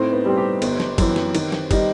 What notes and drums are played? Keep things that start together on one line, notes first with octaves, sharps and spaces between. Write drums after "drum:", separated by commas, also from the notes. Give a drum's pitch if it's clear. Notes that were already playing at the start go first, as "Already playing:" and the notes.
Already playing: A2 C4 D#4
B3
G3 C4
G4
G1, drum: cymbal
drum: snare
F#2 E3, drum: kick, cymbal
drum: snare
D#3, drum: cymbal
drum: snare
G3 D#4, drum: kick, cymbal